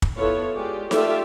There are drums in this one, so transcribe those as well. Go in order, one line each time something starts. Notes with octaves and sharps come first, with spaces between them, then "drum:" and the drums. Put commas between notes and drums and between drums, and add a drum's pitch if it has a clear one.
drum: kick
B3 E4 F4 A4 C#5
G#3 F4 G4 D5
A3 F4 G4 A4 D5 E5, drum: snare D#4